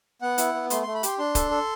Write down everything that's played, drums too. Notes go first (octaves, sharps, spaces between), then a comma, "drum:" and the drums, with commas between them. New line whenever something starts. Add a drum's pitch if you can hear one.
B3 F#5
E4, drum: hi-hat
B3
A3 C6, drum: hi-hat
A3 C6
B5
G4 C6, drum: hi-hat
D4 C6
A4, drum: kick, hi-hat
A4